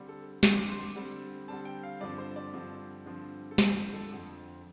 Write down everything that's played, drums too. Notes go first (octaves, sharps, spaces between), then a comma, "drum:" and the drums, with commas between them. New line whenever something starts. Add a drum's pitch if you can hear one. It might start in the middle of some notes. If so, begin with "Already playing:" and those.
Already playing: D3 G3 C4
A4
D3 G3 C4, drum: snare
D6
C6
D6
D3 G3 C4
D3 G3 C4 A5
G5
F5
G2 D3 F3 C4 D5
C5
D5
G2 D3 F3 C4
G2 D3 F3 C4
A4
G2 D3 F3 C4 C5, drum: snare
C5
A4
F2 D3 F3 C4